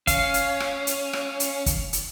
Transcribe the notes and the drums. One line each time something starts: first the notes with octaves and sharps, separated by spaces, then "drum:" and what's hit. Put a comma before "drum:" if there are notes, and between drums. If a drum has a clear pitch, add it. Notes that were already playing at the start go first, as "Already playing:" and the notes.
C#4 F5, drum: kick, hi-hat
drum: hi-hat
drum: rim click
drum: hi-hat
drum: rim click
drum: hi-hat
drum: kick, hi-hat
drum: hi-hat